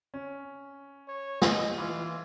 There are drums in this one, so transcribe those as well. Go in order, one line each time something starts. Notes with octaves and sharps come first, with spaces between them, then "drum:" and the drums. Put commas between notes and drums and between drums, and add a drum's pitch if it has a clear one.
C#4
C#5
D#5, drum: snare
E3 F4